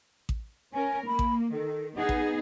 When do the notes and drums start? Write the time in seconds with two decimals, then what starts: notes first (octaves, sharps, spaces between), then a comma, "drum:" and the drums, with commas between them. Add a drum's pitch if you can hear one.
0.29 drum: kick A1
0.74 C#4 A#4 G#5
1.07 A#3 B5
1.19 drum: kick A1
1.53 D#3 A4
1.97 B3 D#4 G#4 F#5
2.09 drum: kick A1